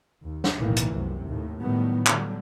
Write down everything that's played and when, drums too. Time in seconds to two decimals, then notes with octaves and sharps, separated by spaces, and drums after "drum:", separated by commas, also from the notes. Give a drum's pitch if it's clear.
0.24 D#2
0.44 drum: snare
0.58 F1 B1 A2 D#3 E3 A#3
0.77 drum: hi-hat
0.91 C2 F#2 C3
1.27 D#2 A2
1.60 A2 D#3 F#3 G3 B3
2.07 D3 F#3 G3, drum: clap